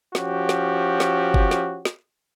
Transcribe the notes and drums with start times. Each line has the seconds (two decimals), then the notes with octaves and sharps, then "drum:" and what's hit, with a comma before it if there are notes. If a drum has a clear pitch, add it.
0.15 F3 C#4 F#4 G4, drum: snare
0.49 drum: snare
1.00 drum: snare
1.34 drum: kick F#1
1.51 drum: snare
1.85 drum: snare